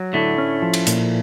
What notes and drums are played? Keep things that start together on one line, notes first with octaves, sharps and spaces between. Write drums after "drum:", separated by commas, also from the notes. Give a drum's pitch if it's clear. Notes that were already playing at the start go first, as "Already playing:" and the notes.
Already playing: F#3
A2 D3 A3
C#4
F3
drum: cymbal
A#2, drum: hi-hat